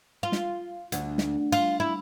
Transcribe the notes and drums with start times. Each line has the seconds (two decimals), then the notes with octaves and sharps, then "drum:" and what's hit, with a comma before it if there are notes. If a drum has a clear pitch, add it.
0.23 F4
0.32 drum: snare
0.92 D2, drum: hi-hat
1.18 drum: snare
1.52 F4, drum: cymbal
1.80 E4